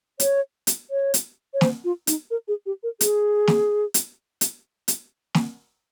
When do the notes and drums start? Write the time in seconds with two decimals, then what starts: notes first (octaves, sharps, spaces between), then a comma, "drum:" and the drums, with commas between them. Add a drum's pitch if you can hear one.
0.20 C#5, drum: hi-hat
0.67 drum: hi-hat
0.91 C#5
1.14 drum: hi-hat
1.54 C#5
1.61 C5, drum: snare
1.84 F4
2.07 D#4, drum: hi-hat
2.31 A#4
2.48 G#4
2.66 G4
2.83 A#4
3.01 G#4, drum: hi-hat
3.47 drum: snare
3.94 drum: hi-hat
4.41 drum: hi-hat
4.88 drum: hi-hat
5.34 drum: snare